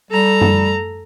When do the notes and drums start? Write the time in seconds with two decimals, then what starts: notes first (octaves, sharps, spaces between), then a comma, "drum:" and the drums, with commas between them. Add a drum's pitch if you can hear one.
0.11 G3 A4 A#5
0.41 drum: tom F#2